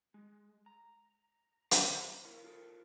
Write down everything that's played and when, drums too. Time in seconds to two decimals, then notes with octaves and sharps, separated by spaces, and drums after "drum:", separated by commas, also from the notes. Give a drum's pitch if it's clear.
0.14 G#3
0.66 A#5
1.71 C5, drum: hi-hat
2.25 E4 A#4 C#5 F5
2.44 F4 A4 A#4